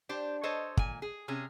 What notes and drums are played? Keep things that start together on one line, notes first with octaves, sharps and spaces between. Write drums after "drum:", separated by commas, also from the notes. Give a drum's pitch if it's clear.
D4 G4 C5
A4 C5 C#5 D#5
A#2 G#5, drum: kick
G#4
C3 C#4 G#4